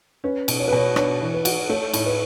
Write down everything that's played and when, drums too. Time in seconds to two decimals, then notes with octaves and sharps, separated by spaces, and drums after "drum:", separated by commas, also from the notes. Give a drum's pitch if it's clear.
0.24 C#4 B4
0.48 B2, drum: cymbal
0.60 C#5
0.68 B4
0.72 B2 C#5
0.96 D4 C#5, drum: rim click
1.21 E3
1.34 B4
1.45 F#4, drum: cymbal
1.69 A3 C#5
1.93 A2 C#5, drum: cymbal
2.06 B4